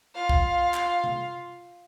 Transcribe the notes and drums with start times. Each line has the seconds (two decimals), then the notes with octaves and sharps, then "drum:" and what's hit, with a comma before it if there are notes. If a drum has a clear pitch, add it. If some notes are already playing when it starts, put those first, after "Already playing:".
0.15 F4 F5
0.29 drum: kick
0.74 drum: clap
1.04 drum: tom C3